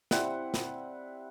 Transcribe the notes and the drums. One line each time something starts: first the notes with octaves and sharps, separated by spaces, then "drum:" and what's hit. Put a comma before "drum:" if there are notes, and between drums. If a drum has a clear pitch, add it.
G3 C4 E4 F#5, drum: snare
drum: snare